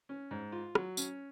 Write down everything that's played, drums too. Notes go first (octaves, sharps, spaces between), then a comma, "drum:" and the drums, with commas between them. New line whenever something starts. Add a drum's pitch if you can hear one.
C#4
G#2
F4
F#3, drum: rim click
C#4, drum: tambourine